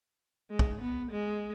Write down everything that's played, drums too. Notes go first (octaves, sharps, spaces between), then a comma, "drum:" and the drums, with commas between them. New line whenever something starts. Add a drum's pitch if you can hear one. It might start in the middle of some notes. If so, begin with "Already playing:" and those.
G#3
drum: kick
B3
G#3